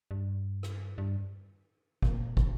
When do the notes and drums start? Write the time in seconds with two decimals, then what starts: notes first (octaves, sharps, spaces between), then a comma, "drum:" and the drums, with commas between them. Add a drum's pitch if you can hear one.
0.11 G2
0.63 drum: rim click
0.98 G2
2.02 A#2, drum: kick
2.37 drum: kick